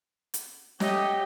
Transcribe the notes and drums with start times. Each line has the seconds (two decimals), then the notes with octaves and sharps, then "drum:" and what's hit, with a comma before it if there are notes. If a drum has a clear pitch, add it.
0.34 drum: hi-hat
0.80 F#3 A3 G4 D#5, drum: snare